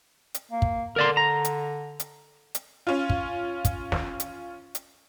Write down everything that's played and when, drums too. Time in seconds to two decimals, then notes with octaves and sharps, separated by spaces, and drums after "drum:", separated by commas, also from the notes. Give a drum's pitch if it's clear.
0.34 drum: hi-hat
0.52 A#3
0.62 drum: kick
0.96 D3 A#4 D5 C6
1.17 A#5
1.45 drum: hi-hat
2.00 drum: hi-hat
2.55 drum: hi-hat
2.87 C#4 F4
3.10 drum: kick
3.65 drum: kick, hi-hat
3.92 drum: snare
4.20 drum: hi-hat
4.75 drum: hi-hat